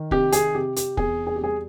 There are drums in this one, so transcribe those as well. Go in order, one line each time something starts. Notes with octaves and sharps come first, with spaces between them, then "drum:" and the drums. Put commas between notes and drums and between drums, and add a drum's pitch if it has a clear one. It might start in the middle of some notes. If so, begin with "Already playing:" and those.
Already playing: D#3
C3 G4, drum: kick
G#4, drum: hi-hat
C3 G4
G4, drum: hi-hat
E2 G#4, drum: kick
G#4
G4
G3 G#4